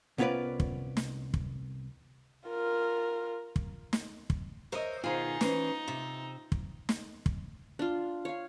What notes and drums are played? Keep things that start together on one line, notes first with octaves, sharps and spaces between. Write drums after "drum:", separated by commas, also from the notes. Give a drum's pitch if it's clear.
C2 B3 C#4 F4 B4 D5
drum: kick
drum: snare
drum: kick
F4 A#4
drum: kick
drum: snare
drum: kick
A#4 C5 C#5 D#5 E5
B2 D#3 D#4 F4 G#4 C5 G#5
E3 C#4 F4 C5, drum: snare
C3 E5
drum: kick
drum: snare
drum: kick
D4 F4
C#5 F5